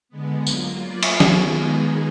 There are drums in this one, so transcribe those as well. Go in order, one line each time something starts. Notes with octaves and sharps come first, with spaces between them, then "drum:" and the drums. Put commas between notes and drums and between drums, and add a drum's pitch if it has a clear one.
D3 G#3 B3
F#3 A#3 F4, drum: tambourine
A#3 F4 B4 D5
drum: cymbal
D#3 F#3 B3 F4 G#4, drum: snare
D#3 G#3 B3 D#4 G#4